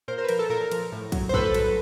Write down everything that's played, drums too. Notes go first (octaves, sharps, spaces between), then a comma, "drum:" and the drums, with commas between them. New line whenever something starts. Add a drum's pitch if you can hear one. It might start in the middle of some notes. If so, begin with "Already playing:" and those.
A#2 A#4 C5
A#4 C5
B4
F3 A#4, drum: cymbal
A4
A#2 A#4
F3, drum: cymbal
A2
F#3, drum: kick, cymbal
C5
A2 A4 B4, drum: kick
F#3, drum: cymbal